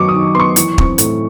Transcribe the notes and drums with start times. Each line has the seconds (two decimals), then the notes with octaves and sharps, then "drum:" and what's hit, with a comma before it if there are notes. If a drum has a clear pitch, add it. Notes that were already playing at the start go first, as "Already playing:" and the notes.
Already playing: F#2 D#3 F#3 B3 C#6 D6
0.09 D#6
0.14 D#3
0.34 B3 C6
0.40 C#6
0.56 E3, drum: hi-hat
0.78 C4, drum: kick
0.98 A2, drum: hi-hat